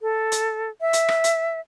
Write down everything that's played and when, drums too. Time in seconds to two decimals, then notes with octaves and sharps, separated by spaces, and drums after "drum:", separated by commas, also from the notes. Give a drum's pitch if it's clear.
0.01 A4
0.32 drum: hi-hat
0.81 E5
0.93 drum: hi-hat
1.08 drum: rim click
1.24 drum: hi-hat